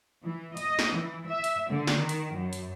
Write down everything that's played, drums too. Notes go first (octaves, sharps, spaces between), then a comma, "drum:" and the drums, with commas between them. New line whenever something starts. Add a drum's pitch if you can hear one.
E3
D#5, drum: hi-hat
drum: snare
E3
E5
drum: hi-hat
D3
drum: snare
D#3
drum: hi-hat
F#2
drum: hi-hat